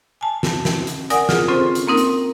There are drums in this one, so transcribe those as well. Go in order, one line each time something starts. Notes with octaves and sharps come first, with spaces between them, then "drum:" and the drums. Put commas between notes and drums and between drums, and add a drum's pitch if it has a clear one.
G#5 A5
drum: snare
drum: snare
drum: hi-hat
A#4 D5 F#5 G#5 D#6, drum: hi-hat
F4 G#4, drum: snare
C4 C#4 F4 A4 C5
drum: hi-hat
A#3 C4 D#4 A#4
drum: hi-hat